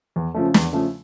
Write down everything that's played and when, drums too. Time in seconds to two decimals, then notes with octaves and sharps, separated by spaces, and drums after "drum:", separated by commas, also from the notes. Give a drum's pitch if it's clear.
0.16 E2
0.34 C#3 F3 A3
0.54 E2, drum: snare
0.73 C#3 F3 A3